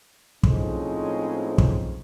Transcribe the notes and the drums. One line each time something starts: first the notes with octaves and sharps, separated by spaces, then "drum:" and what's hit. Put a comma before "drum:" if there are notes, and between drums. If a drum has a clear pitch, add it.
A2 F3 G#3 C4 C#4 D#4, drum: kick
drum: kick